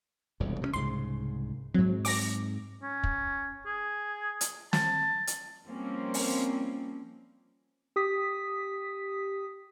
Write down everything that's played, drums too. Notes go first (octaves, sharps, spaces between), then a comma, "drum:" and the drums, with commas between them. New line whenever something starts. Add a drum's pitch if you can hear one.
E1 C2 F2
C3 G#3 C#4
C2 G#2 C#3 C6
G#2 F#3 C4
D6 A#6, drum: open hi-hat
C#4
drum: kick
G#4
drum: hi-hat
A5, drum: snare
drum: hi-hat
F3 G3 A#3 C4 C#4
drum: open hi-hat
G4 D#6 B6